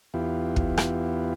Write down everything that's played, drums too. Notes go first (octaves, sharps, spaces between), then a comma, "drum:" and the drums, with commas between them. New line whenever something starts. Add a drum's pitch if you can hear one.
E2 B3 E4 F4 G4
drum: kick
drum: rim click